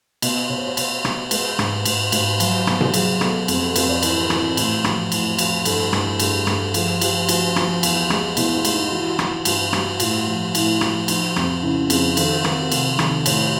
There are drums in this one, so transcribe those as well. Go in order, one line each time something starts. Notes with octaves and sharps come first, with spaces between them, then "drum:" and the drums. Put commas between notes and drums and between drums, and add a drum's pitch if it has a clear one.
B2 D#5, drum: cymbal
B2 C#5
C5
C#5
B2 C#5, drum: cymbal
B2, drum: rim click
G#3 B4, drum: cymbal
G#2, drum: rim click
G#2, drum: cymbal
G#2, drum: cymbal
F#3, drum: cymbal
B2, drum: rim click
drum: tom B2
F#3 G#4, drum: cymbal
B2 A4, drum: rim click
F2 G#4, drum: cymbal
A4
F2 B4, drum: cymbal
D5
E3 A#4, drum: cymbal
E3, drum: rim click
A2, drum: cymbal
F3, drum: rim click
A2, drum: cymbal
F3, drum: cymbal
G2 A4, drum: cymbal
G2, drum: rim click
G2 G#4, drum: cymbal
G2, drum: rim click
F3 G#4, drum: cymbal
F3 G4, drum: cymbal
F3 F#4, drum: cymbal
F3, drum: rim click
E2, drum: cymbal
G#3, drum: rim click
B2 E4, drum: cymbal
E4
G#3, drum: cymbal
D#4
E3 F#4
E3, drum: rim click
G2 F4, drum: cymbal
G3 F#4, drum: rim click
A2 F4, drum: cymbal
F3
A2 E4, drum: cymbal
F3, drum: rim click
F3 D#4, drum: cymbal
F2, drum: rim click
C#3 E4
F2 G#4, drum: cymbal
D#3 A4, drum: cymbal
D#3 A#4, drum: rim click
C3, drum: cymbal
D#3, drum: rim click
A2 C#5, drum: cymbal